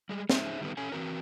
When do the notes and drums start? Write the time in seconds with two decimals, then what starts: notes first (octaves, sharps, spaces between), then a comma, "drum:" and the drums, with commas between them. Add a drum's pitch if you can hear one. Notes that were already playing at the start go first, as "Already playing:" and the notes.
0.09 G3 G#3
0.30 C#4 D#4 G#4 C5 E5, drum: snare
0.61 D#3 G3 A3 B3
0.77 C#4 A4 C#5 G#5
0.92 E3 C4 F#4 A#4